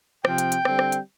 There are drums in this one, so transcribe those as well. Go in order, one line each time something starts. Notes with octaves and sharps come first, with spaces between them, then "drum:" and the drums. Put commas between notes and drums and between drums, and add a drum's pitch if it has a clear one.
C3 F3 C4 G5, drum: rim click
drum: hi-hat
drum: hi-hat
D3 G3 C4, drum: rim click
drum: rim click
drum: hi-hat